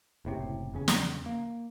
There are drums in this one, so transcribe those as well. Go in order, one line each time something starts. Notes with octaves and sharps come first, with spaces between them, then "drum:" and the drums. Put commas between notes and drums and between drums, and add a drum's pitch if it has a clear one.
F#1 A2 C3
E2 C#3 C#4
drum: snare
A#3